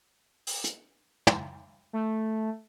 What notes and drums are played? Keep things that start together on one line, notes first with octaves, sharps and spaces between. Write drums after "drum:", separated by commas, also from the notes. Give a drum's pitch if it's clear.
drum: open hi-hat
drum: hi-hat
drum: tom
A3